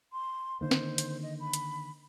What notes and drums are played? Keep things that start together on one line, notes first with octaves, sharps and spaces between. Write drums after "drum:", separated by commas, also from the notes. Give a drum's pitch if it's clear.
C6
D3 D#3 A#3 C5
drum: snare
drum: hi-hat
D#5
B5
drum: hi-hat